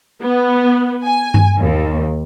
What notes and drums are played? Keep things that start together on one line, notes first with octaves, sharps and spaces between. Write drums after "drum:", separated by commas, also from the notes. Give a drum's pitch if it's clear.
B3
G#5
drum: tom G2
D#2